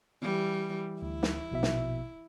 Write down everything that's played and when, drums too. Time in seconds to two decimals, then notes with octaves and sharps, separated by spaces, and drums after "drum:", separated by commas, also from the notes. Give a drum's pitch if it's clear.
0.22 E3 G3
1.02 D2 E4
1.23 drum: snare
1.52 A#1 B2 E5
1.63 drum: snare